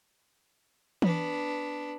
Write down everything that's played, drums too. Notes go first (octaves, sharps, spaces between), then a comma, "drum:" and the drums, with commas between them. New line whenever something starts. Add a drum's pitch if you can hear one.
B3 D4, drum: tom E3